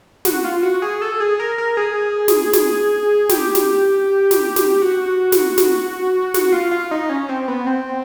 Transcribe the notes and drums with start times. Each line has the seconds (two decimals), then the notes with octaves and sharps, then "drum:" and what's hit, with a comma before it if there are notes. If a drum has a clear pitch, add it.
0.25 F#4, drum: snare
0.44 F4
0.63 F#4
0.82 G#4
1.02 A4
1.20 G#4
1.40 A#4
1.58 A#4
1.77 G#4
2.28 drum: snare
2.53 drum: snare
3.30 G4, drum: snare
3.55 drum: snare
4.31 drum: snare
4.56 drum: snare
4.82 F#4
5.32 drum: snare
5.58 drum: snare
6.34 F#4, drum: snare
6.52 F4
6.71 F4
6.91 D#4
7.09 C#4
7.29 C4
7.48 B3
7.67 C4